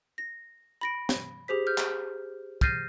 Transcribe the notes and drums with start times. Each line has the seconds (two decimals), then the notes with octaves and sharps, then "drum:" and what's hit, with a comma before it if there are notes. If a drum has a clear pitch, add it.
0.18 A#6
0.81 B5 A#6 D7
1.09 drum: snare
1.48 G4 G#4 C5 B6
1.67 F6 G6
1.78 drum: clap
2.61 F6 G6 A6 A#6 C7 D#7, drum: kick